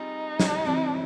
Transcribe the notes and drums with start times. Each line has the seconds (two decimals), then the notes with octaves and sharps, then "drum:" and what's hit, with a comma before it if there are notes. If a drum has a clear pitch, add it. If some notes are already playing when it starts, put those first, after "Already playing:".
Already playing: G3 C4 D#4 F4 G#4
0.40 drum: snare
0.65 E3 G3 C4 E4